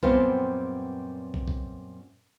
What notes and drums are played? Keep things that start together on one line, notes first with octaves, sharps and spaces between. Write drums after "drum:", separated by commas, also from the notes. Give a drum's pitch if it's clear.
F#2 A#2 G3 B3 C4 F4, drum: kick
drum: kick
drum: kick